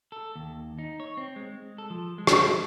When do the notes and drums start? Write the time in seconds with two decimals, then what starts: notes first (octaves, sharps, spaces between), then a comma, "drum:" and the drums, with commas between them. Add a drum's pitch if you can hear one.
0.12 A4
0.36 D#2
0.79 D#4
1.00 C#5
1.17 C4
1.36 G#3
1.78 A4
1.90 F3
2.18 G#3
2.27 drum: rim click